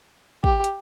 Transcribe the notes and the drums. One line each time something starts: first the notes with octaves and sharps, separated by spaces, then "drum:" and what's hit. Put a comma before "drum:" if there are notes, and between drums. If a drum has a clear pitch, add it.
G4, drum: kick
drum: hi-hat